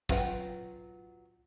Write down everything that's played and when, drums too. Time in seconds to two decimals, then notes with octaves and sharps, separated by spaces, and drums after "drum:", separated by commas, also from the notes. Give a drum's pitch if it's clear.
0.09 F#3 F4 B4 F#5 G5, drum: kick